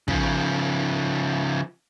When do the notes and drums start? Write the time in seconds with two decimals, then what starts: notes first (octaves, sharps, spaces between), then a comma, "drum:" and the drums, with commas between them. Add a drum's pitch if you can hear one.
0.08 C#3 F3, drum: kick